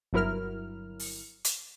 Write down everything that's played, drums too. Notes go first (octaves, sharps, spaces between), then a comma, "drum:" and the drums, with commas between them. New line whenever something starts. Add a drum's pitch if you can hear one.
G1 F#3 E4 A#4 F6
drum: open hi-hat
drum: hi-hat